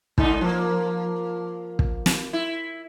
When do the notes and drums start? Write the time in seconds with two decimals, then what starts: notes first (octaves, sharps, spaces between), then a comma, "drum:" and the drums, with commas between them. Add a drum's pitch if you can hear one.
0.18 G#2 D3 D#4, drum: kick
0.41 F3 A#3
1.79 drum: kick
2.06 drum: snare
2.33 E4